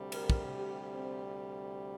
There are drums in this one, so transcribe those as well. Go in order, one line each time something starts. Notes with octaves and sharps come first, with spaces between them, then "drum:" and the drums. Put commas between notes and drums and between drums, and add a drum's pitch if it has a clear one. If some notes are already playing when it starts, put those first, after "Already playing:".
Already playing: D2 C3 G3
A#4, drum: cymbal
drum: kick
G4
C4